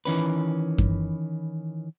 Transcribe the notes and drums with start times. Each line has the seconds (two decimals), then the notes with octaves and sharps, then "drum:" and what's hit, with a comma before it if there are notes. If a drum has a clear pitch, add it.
0.05 D#3 E3 C#4 B4
0.78 drum: kick F#2